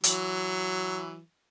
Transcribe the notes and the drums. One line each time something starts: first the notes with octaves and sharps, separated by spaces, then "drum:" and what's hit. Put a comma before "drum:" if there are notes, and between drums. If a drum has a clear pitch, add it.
E3 F#3, drum: hi-hat